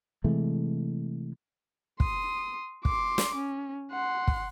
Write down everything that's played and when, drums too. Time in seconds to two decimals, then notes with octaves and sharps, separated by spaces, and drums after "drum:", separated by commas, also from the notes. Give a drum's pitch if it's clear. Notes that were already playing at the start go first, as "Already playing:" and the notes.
0.24 C3 E3 G#3 A3
2.00 C6 D#6, drum: kick
2.85 C6 D6, drum: kick
3.18 drum: snare
3.35 C#4
3.91 F#5 C6
4.28 drum: kick